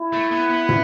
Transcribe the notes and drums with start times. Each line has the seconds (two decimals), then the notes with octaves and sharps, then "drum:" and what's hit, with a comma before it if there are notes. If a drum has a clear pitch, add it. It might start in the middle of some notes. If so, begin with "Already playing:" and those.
Already playing: E4
0.13 A3
0.31 B3
0.50 B3
0.69 drum: tom